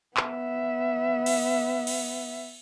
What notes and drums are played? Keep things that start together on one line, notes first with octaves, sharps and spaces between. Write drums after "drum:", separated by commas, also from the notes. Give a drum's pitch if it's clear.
B3 E5, drum: clap
drum: cymbal
drum: cymbal